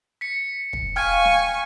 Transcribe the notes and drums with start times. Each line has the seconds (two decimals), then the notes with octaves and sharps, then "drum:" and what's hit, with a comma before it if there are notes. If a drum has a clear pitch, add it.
0.21 B6 C#7
0.73 drum: kick
0.96 F5 G5 G#5 C#6 F6 G#6
1.25 drum: snare